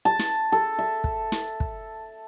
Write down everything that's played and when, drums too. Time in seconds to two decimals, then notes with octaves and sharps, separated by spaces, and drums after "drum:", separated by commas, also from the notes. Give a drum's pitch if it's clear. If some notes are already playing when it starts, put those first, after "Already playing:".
0.05 A5
0.19 drum: snare
0.52 A4
0.79 E5
1.04 drum: kick
1.32 drum: snare
1.60 drum: kick